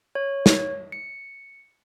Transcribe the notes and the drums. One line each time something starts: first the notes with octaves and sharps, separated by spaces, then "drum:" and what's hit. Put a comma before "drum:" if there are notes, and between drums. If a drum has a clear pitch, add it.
C#5
drum: snare
C#7